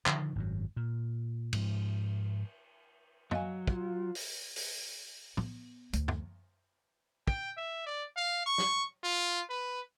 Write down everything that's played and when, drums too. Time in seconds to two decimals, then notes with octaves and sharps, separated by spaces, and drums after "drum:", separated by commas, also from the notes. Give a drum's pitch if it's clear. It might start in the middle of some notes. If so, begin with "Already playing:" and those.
0.06 D3 D#3 F3, drum: clap
0.36 G#1 F#2 F#3
0.76 A#2
1.53 G#2 F3, drum: cymbal
3.31 F#3 D#5 F5 G#5, drum: tom
3.67 F4, drum: kick
4.15 drum: open hi-hat
4.56 drum: open hi-hat
5.37 B3, drum: tom A2
5.93 D2, drum: hi-hat
6.08 drum: tom
7.27 G5, drum: kick
7.57 E5
7.86 D5
8.17 F5
8.46 C#6
8.58 drum: snare
9.04 F4
9.50 B4